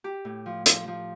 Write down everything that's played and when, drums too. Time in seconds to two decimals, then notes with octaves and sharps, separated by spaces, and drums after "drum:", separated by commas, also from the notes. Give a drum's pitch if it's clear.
0.04 G4
0.25 A2
0.46 F3
0.66 F3, drum: hi-hat
0.87 F3